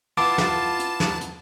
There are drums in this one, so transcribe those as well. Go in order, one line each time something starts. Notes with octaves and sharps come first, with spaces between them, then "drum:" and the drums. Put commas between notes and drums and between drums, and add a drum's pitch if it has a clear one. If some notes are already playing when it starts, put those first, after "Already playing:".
B3 E4 F4 A5 D6
drum: snare
drum: hi-hat
drum: snare
drum: hi-hat